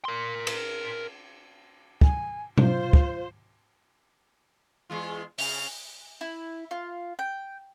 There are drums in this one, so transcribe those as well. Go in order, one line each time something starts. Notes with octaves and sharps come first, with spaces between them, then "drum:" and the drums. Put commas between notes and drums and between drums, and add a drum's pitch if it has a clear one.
A#4 C6
drum: cymbal
G#5, drum: kick
F4 C5, drum: tom
drum: kick
E2 G#3 F4
C#3 F7, drum: open hi-hat
E4
F4
G5